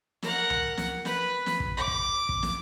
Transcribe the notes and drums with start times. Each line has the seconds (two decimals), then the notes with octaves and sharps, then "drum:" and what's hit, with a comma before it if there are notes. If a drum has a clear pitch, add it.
0.23 A#4 F#5, drum: snare
0.50 drum: tom C#2
0.77 drum: snare
1.05 B4, drum: snare
1.46 drum: snare
1.60 drum: kick
1.77 D6
1.88 drum: kick
2.29 drum: kick
2.43 drum: snare